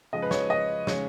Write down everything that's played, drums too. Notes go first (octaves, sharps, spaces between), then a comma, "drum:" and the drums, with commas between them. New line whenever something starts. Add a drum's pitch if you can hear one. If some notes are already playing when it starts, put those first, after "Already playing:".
C#3 F3 G#3 D#5
B4
C#5, drum: snare
D#5
C#3 G#3 C#5, drum: snare